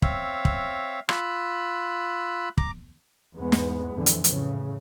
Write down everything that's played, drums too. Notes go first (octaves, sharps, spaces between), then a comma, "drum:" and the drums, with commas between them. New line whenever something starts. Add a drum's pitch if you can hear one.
C4 C#5 E5 F5, drum: kick
drum: kick
F4 B5 E6 F#6, drum: rim click
A#5 D6, drum: kick
E2 G#2 G#3 B3
drum: snare
F2 A2 D3 E3 F3
drum: hi-hat
A2 C#3, drum: hi-hat